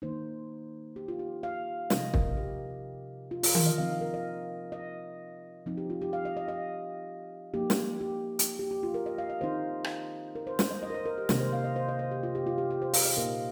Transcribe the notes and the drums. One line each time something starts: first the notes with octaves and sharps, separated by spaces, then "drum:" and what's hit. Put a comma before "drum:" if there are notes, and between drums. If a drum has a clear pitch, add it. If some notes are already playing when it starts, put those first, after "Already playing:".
D#3 A#3 D#4 C5
G4
F4
G4
F5
C3 F3 D#4 D#5, drum: snare
A#4, drum: kick
G4
F4
F4, drum: open hi-hat
A#4, drum: tom D#3
D#5
F3 C4 D#4 F5
A#4
D#5
D#5
F3 C4 D#4
G4
F4
G4
F5
D#5
D#5
D#5
F3 A#3 D#4 G4
drum: snare
G4
drum: hi-hat
G4
G4
F4
A#4
D#5
F5
D#5
D#3 C4 D#4 C5
drum: rim click
A#4
C5
C5, drum: snare
D#5
D#5
A#4
C5
A#4
G4
C3 D#3 A#3 D#4 A#4, drum: snare
C5
F5
D#5
C5
D#5
C5
G4
F4
G4
F4
G4
G4
C5
F5, drum: open hi-hat
D#5
A#2 A#3 D#4 A#4